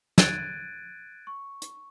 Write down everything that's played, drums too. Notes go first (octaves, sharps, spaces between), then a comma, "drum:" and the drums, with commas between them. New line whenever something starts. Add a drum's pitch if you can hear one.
F#6 G#6 A6 D7 D#7, drum: snare
C#6
drum: hi-hat